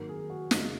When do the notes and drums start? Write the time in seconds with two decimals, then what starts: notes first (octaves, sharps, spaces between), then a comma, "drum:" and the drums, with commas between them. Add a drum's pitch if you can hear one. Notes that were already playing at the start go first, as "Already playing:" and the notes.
Already playing: G#1 G#2 F#3 A#3 A#4
0.09 G#4
0.30 F#4
0.51 F1 F2 C#3 D#4, drum: snare